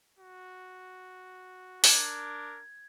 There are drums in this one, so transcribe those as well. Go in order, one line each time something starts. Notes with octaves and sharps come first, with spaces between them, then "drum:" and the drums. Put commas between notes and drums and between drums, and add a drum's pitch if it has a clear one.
F#4
D4 A#4 G#6, drum: open hi-hat